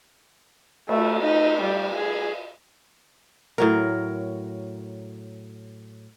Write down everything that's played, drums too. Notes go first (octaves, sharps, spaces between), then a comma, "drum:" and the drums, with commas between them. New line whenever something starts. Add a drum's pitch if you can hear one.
A3, drum: cymbal
D#4
G3
G#4
A2 F#3 A#4